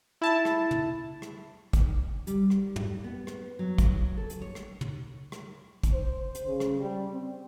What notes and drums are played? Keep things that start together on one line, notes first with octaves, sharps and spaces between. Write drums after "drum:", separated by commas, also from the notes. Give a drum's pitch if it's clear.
E4 A5
drum: rim click
drum: tom
drum: rim click
drum: kick, hi-hat
G3, drum: hi-hat
drum: rim click
drum: tom
B3
drum: rim click
F#3
drum: kick, hi-hat
A4
drum: hi-hat
C#5
drum: rim click
drum: tom
drum: rim click
drum: kick, hi-hat
C5
drum: hi-hat
C#3
drum: rim click
G3
C4